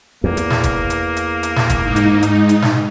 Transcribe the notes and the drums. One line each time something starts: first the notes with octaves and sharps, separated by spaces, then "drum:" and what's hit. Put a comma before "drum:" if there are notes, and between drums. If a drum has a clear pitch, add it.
E2 A#3
drum: hi-hat
drum: snare
drum: kick, hi-hat
drum: hi-hat
drum: hi-hat
drum: hi-hat
drum: snare
drum: kick, hi-hat
G#2 D#4
drum: hi-hat
drum: hi-hat
drum: hi-hat
drum: snare